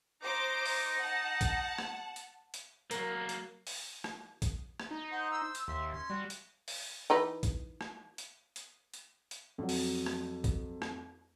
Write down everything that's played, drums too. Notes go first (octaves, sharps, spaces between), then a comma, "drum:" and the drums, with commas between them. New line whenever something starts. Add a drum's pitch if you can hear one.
D#4 C5 A#5 D6
drum: open hi-hat
F#5 A5
drum: kick A#1, hi-hat
drum: rim click
drum: hi-hat
drum: hi-hat
F#3 A#3 F#4 A#4, drum: hi-hat
drum: hi-hat
drum: open hi-hat
drum: rim click
drum: kick A#1, hi-hat
drum: rim click
D#4
C5 F#5
C5 E6
drum: hi-hat
D#2 E5 C6
C#4 C6
G3 F#4
drum: hi-hat
drum: open hi-hat
E3 D#4 B4
drum: kick A#1, hi-hat
drum: rim click
drum: hi-hat
drum: hi-hat
drum: hi-hat
drum: hi-hat
F2 F#3
drum: open hi-hat
drum: rim click
drum: kick A#1, hi-hat
drum: rim click